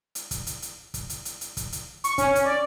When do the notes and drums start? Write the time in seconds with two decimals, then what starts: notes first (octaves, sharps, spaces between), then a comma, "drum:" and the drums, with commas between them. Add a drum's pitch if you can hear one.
0.15 drum: hi-hat
0.31 drum: kick, hi-hat
0.47 drum: hi-hat
0.62 drum: hi-hat
0.94 drum: kick, hi-hat
1.10 drum: hi-hat
1.25 drum: hi-hat
1.41 drum: hi-hat
1.57 drum: kick, hi-hat
1.72 drum: hi-hat
2.04 C#6, drum: hi-hat
2.18 C#4, drum: kick, hi-hat
2.35 drum: hi-hat
2.45 D5